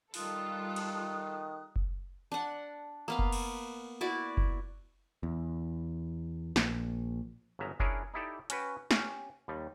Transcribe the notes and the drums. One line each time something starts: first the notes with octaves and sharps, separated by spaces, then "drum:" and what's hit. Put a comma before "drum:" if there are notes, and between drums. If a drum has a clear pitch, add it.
D#3 G3 F4 A4 D#6 F#6, drum: open hi-hat
drum: cymbal
drum: kick F#1
D4 F#5
A#3 B3 F5
drum: kick F#1
drum: cymbal
E4 F#4 D5
drum: kick F#1
E2
A#1, drum: snare
G1 C#3 F#3 E5 A#5
C#4 D4 E4 G#4 A#4 C#5, drum: kick F#1
D#4 E4 G4 A4 D5
C#4 F#4 B4 G5, drum: hi-hat
C#4 G4, drum: snare
D#2 G3